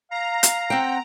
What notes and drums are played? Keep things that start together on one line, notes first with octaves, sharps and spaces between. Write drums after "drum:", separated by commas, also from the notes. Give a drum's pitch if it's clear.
F5 A#5
drum: hi-hat
C4 F#5 G5